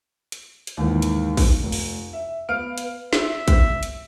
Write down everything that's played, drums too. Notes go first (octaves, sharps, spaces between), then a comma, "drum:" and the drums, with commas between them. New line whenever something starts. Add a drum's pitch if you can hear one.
drum: hi-hat
drum: hi-hat
D#2 G#2 D#3 E3
drum: hi-hat
drum: kick, open hi-hat
F1
drum: open hi-hat
E5
B3 F5 F6 D7
drum: hi-hat
E5, drum: snare
drum: kick, hi-hat
drum: hi-hat